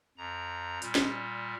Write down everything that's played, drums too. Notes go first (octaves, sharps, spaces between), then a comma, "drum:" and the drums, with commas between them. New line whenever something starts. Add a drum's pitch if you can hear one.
F2 A#5
A#2 G3, drum: hi-hat
drum: snare